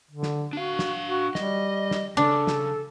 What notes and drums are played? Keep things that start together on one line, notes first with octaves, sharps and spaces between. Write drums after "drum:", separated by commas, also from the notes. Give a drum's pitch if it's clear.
D3
drum: snare
D4 F#4 F5
drum: snare
F#4
G3 D#5, drum: snare
drum: snare
C#3 D4 A4
drum: snare